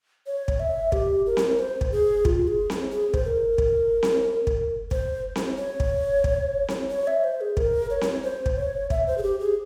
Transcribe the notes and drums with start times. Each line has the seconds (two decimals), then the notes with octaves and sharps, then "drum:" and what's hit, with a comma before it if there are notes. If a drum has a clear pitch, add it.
0.27 C#5
0.48 drum: kick
0.60 E5
0.92 G4, drum: kick
1.26 A#4
1.37 drum: snare C4
1.59 C5
1.81 drum: kick
1.92 G#4
2.25 F4, drum: kick
2.48 G#4
2.70 drum: snare C4
2.92 G#4
3.14 C5, drum: kick
3.25 A#4
3.58 drum: kick
4.03 drum: snare C4
4.47 drum: kick
4.91 C5, drum: kick
5.36 drum: snare C4
5.58 C#5
5.80 drum: kick
6.24 drum: kick
6.68 drum: snare C4
6.90 C#5
7.07 E5
7.24 C5
7.41 G#4
7.57 A#4, drum: kick
7.90 C#5
8.01 drum: snare C4
8.23 C5
8.46 drum: kick
8.57 C#5
8.90 E5, drum: kick
9.07 C5
9.18 G#4
9.23 G4
9.40 G#4